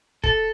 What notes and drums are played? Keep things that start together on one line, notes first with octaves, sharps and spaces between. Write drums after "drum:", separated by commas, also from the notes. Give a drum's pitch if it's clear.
A4, drum: kick